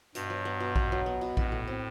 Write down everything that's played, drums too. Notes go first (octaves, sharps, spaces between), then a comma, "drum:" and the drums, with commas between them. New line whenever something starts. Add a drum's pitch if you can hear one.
G2 B2, drum: hi-hat
F#3
B3
B2
B2, drum: kick A#1
F#3
B3
B2
A2 F#4, drum: kick A#1
A3
C4